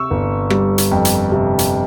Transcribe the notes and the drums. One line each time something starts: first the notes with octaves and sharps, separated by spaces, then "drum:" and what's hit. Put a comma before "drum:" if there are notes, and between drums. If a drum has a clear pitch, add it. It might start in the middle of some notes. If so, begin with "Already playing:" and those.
Already playing: C3 C#6 E6
G1
G3, drum: rim click
drum: hi-hat
F2
drum: hi-hat
C3
drum: hi-hat